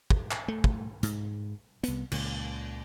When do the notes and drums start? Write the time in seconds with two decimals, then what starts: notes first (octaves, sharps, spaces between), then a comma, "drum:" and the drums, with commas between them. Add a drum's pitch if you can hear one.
0.10 drum: kick
0.31 drum: clap
0.48 A3
0.64 drum: kick
1.03 G#2, drum: hi-hat
1.83 C2 B3, drum: hi-hat
2.12 C#2 A#2, drum: cymbal